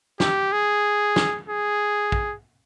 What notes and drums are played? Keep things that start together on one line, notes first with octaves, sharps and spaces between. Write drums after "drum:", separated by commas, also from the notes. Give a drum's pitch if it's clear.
G4, drum: snare
G#4
drum: snare
G#4
drum: kick